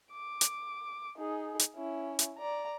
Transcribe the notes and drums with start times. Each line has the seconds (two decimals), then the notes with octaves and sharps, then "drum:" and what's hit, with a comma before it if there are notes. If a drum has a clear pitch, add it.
0.11 D6
0.41 drum: hi-hat
1.18 D#4 G#4
1.59 drum: hi-hat
1.76 C#4 E4
2.19 drum: hi-hat
2.38 D5 A#5